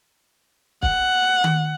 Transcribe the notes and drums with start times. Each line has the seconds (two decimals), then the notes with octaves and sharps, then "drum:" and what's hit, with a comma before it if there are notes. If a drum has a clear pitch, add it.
0.83 F#5, drum: kick
1.44 drum: tom D#3